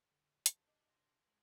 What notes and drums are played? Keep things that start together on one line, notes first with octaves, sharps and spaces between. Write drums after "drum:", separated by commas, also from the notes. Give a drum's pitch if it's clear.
D3
D#2 C5 A5 G6, drum: hi-hat
C3 D4 D#5
C6 A#6 F7
G#3